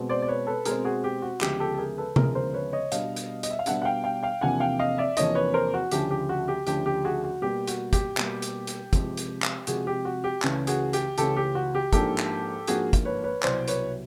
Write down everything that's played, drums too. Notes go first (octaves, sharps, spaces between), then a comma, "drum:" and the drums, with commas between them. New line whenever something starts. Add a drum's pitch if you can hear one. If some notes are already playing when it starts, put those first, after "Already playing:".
Already playing: B2 G#3 C4
C5 D5
D5
B4 C#5
A4 B4
B2 G#3 C4 G#4 A#4, drum: hi-hat
F#4 G#4
G4
F#4
D2 C#3 F3 G#3 B3 G4, drum: clap
G4 A4
A4
G#4 A#4
A4 B4
D2 C#3 F3 G#3 B3 G#4 A#4, drum: tom C3
A#4 C5
B4 C#5
C#5 D#5
B2 G3 B3 D4 D#5 F5, drum: hi-hat
drum: hi-hat
D#5, drum: hi-hat
E5
F5
B2 G3 B3 D4 E5 F#5, drum: hi-hat
F#5
F5 G5
F5 G5
F5 G5
E2 C3 F3 A#3 D4 F#5 G#5
F5 G5
D#5 F5
D5 E5
E2 C3 F3 A#3 D4 C#5 D#5, drum: hi-hat
B4 C#5
A#4 C5
F#4
D2 C#3 F3 A3 D4 G4, drum: hi-hat
G4
F#4
G4
D2 C#3 F3 A3 D4 G4, drum: hi-hat
G4
F#4 G#4
F#4
B2 G3 A#3 G4
F#4, drum: hi-hat
G4, drum: kick, hi-hat
B2 G3 A#3, drum: clap
drum: hi-hat
drum: hi-hat
C3 F3 G#3, drum: kick, hi-hat
drum: hi-hat
drum: clap
C3 F3 G#3 F#4 G#4, drum: hi-hat
G4
F#4
G4
C#2 C#3 E3 A3 C#4, drum: clap
F#4 G#4, drum: hi-hat
G4, drum: hi-hat
C#2 C#3 E3 A3 C#4 G4 A4, drum: hi-hat
G4
F#4
G4
G#2 F3 A#3 D4 G4 A4, drum: kick, hi-hat
drum: clap
G#2 F3 A#3 D4 F#4 G#4, drum: hi-hat
drum: kick, hi-hat
B4 C#5
B4 C#5
C2 B2 F#3 C5 D5, drum: clap
B4 C#5, drum: hi-hat